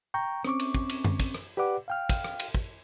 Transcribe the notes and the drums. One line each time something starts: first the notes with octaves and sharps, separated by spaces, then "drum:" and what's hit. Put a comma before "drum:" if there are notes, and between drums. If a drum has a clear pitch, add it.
G5 A#5 C#6 G6
C4 C#4 C#6 D6, drum: rim click
drum: cymbal
drum: kick
drum: cymbal
drum: tom F#2
drum: kick, cymbal
drum: rim click
G4 B4 D5 F#5 D6
F5 G5 F6
drum: kick, cymbal
drum: rim click
drum: cymbal
drum: kick